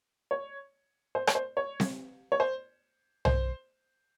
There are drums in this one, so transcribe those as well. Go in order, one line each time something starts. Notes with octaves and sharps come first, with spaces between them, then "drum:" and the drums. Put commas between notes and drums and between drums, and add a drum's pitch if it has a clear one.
C#5
C5
C#5, drum: rim click
C5
C#5
drum: snare C4
C#5
C5
C5, drum: tom